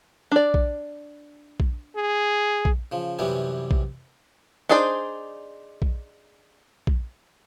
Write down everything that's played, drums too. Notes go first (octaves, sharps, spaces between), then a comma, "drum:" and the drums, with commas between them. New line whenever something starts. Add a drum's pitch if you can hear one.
D4 D5
drum: kick A#1
drum: kick A#1
G#4
drum: kick A#1
C#3 F3
F#2 C3 E3 G3 B3 C#4
drum: kick A#1
D4 D#4 G#4 C5 D5
drum: kick A#1
drum: kick A#1